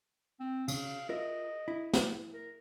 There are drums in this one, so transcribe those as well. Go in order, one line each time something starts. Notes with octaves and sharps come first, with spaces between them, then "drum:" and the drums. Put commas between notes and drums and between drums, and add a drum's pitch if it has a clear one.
C4
C#3 C#4 F5, drum: cymbal
F4 A#4 D#5 E5
E4
drum: snare
A#4